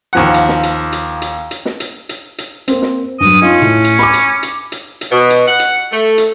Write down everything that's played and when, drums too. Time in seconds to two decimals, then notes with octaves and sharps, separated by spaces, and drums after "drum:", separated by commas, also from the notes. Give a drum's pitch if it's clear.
0.13 D#2 F3 F#5
0.34 drum: hi-hat
0.49 drum: snare
0.63 drum: hi-hat
0.92 drum: hi-hat
1.22 drum: hi-hat
1.51 drum: hi-hat
1.65 drum: snare
1.80 drum: hi-hat
2.09 drum: hi-hat
2.38 drum: hi-hat
2.68 A#3 C4, drum: hi-hat
2.82 drum: snare
3.20 G2 F#3 D#6
3.42 C#4 D#4 F4
3.62 A2
3.84 drum: hi-hat
3.99 B5 D6, drum: snare
4.14 drum: hi-hat
4.43 drum: hi-hat
4.72 drum: hi-hat
5.01 drum: hi-hat
5.11 B2
5.30 drum: hi-hat
5.48 F#5
5.59 drum: hi-hat
5.92 A3
6.18 drum: hi-hat